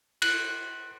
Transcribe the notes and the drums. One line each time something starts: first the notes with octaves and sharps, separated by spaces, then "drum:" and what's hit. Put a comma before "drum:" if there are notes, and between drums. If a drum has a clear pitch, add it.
F#6, drum: cymbal